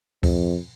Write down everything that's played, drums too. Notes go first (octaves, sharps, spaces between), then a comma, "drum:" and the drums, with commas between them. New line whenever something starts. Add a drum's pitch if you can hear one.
F2, drum: kick D2, open hi-hat